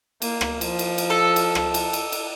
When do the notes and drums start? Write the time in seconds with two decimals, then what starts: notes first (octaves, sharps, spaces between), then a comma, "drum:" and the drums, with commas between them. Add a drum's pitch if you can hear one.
0.22 A#3, drum: cymbal
0.41 drum: rim click
0.61 F3, drum: cymbal
0.79 drum: cymbal
0.98 drum: cymbal
1.10 A4
1.36 drum: cymbal
1.55 drum: rim click
1.74 drum: cymbal
1.93 drum: cymbal
2.12 drum: cymbal